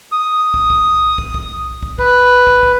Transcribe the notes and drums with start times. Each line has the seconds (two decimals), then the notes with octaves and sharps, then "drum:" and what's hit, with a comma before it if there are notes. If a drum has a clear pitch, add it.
0.12 D#6
0.54 drum: kick
0.70 drum: kick
1.18 drum: kick
1.34 drum: kick
1.83 drum: kick
1.99 B4, drum: kick
2.47 drum: kick
2.63 drum: kick